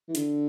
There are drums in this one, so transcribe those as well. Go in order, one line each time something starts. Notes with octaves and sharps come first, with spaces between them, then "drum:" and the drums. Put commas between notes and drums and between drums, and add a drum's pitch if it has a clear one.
E3
D3, drum: hi-hat